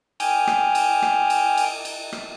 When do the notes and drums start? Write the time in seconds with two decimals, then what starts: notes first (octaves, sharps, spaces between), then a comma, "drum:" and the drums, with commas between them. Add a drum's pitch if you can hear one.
0.20 G5 G#5 D6 D#6 F6 G6, drum: cymbal
0.47 drum: rim click
0.75 drum: cymbal
1.02 drum: rim click
1.30 drum: cymbal
1.57 drum: cymbal
1.85 drum: cymbal
2.12 drum: rim click